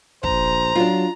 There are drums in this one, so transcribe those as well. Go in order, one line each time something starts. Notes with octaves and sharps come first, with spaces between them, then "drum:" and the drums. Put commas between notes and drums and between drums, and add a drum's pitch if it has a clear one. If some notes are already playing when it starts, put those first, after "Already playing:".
A#1 C5 A#5, drum: kick
F#3 D4 F4